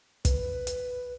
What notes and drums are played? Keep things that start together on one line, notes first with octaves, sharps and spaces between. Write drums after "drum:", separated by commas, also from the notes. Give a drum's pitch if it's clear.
B4, drum: kick, hi-hat
drum: hi-hat